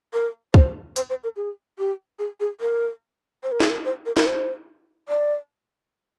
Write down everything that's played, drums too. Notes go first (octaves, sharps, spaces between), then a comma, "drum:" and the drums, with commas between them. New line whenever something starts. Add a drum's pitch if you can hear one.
A#4
C5, drum: kick
C5, drum: hi-hat
C5
A#4
G#4
G4
G#4
G#4
A#4
C5
A#4
G#4, drum: snare
A#4
C5
A#4
A#4, drum: snare
C5
D5